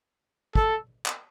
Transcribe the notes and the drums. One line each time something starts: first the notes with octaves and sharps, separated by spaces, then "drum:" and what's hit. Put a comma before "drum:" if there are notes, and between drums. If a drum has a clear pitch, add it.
A4, drum: kick
drum: clap